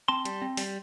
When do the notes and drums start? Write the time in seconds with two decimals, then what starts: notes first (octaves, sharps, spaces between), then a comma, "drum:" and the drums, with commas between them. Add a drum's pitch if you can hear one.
0.08 C4 A5 C6
0.25 G3, drum: hi-hat
0.42 C4
0.57 G3, drum: open hi-hat